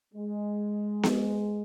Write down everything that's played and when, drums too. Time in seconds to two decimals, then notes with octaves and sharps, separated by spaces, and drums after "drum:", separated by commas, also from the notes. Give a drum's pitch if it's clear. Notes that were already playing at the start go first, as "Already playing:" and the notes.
0.14 G#3
1.03 drum: snare B3